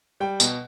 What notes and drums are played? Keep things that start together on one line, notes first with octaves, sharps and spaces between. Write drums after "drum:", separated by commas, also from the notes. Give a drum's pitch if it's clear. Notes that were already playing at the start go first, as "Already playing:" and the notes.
G3 G5
B2, drum: tambourine